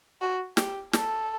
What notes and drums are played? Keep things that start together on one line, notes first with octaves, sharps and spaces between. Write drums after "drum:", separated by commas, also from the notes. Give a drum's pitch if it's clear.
F#4
G4, drum: snare
A4, drum: snare